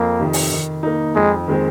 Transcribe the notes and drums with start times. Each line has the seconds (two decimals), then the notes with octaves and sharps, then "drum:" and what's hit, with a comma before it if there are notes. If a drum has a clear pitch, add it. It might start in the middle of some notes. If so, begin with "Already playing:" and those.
Already playing: F2 A#3
0.20 C3 D#3
0.33 drum: open hi-hat
0.51 D#3
0.83 A#3 D#4
1.15 F2 G#3
1.48 D#3 G#3 C4